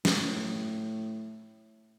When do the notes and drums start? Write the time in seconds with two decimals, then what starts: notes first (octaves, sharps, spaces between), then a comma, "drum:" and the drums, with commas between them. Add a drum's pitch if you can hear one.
0.05 A2, drum: snare